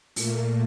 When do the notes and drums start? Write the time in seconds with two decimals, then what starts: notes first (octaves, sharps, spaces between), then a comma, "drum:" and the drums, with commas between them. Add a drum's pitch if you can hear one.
0.16 A#2 A3 A#3, drum: open hi-hat